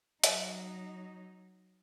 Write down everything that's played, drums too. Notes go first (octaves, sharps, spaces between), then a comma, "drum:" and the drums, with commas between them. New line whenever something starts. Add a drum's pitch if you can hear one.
F#3 D#4, drum: hi-hat